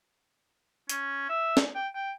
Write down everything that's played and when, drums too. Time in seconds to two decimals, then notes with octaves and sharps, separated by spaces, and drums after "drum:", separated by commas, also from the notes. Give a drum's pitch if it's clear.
0.89 C#4, drum: hi-hat
1.29 E5
1.57 drum: snare
1.75 G5
1.94 G5